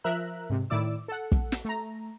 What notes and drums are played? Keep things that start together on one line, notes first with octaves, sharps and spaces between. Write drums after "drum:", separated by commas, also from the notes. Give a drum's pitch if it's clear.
F3 A#4 E5 A#5 F#6
G#2 C3
A2 D#3 E4 D5 D6 E6
A4 F#5
drum: kick
drum: snare
A3 A#5